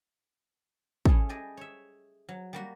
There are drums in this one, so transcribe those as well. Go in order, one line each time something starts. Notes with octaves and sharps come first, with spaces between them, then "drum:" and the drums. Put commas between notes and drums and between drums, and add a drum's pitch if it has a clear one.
A3 C#4 E4 G#4 A4, drum: kick
G4 G#4 D5 D#5
C#5 E5
F#3
G3 A#3 F#4